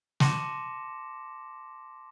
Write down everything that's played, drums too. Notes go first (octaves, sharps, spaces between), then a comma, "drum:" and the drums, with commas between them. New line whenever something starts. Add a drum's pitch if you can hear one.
A5 C6 D6 A#6 C#7 E7, drum: snare